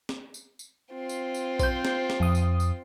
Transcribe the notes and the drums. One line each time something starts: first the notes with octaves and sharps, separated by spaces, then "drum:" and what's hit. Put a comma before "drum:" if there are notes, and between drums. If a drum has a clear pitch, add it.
drum: snare
drum: tambourine
drum: tambourine
C4 F4
drum: tambourine
drum: tambourine
C5 G6, drum: kick A#1, tambourine
drum: snare
drum: snare
F2 D#6
drum: tambourine
drum: tambourine